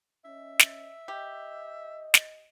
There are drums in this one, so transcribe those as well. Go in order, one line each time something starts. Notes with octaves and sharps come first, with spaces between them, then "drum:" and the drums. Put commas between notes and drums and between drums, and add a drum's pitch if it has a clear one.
C#4 D#5 E5
drum: snare
G4 D#5
drum: snare